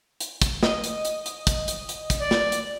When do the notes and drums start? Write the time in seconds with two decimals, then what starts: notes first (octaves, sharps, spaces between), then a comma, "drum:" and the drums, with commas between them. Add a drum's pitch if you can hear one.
0.20 drum: hi-hat
0.42 drum: kick, hi-hat
0.63 D#5, drum: snare
0.84 drum: hi-hat
1.05 drum: hi-hat
1.26 drum: hi-hat
1.47 drum: kick, hi-hat
1.68 drum: hi-hat
1.89 drum: hi-hat
2.10 drum: kick, hi-hat
2.20 D5
2.31 drum: snare
2.52 drum: hi-hat